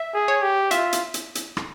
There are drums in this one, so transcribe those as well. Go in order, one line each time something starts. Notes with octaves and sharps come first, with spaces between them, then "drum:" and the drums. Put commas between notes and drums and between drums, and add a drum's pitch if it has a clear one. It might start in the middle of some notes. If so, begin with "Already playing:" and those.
Already playing: E5
G#4
C#5
G4
F4 E5, drum: hi-hat
drum: hi-hat
drum: hi-hat
drum: hi-hat
drum: rim click